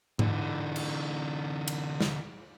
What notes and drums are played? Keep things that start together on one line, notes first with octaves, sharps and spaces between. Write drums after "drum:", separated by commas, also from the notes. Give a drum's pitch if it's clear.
D3 E3, drum: tom G#2
drum: cymbal
drum: cymbal
drum: snare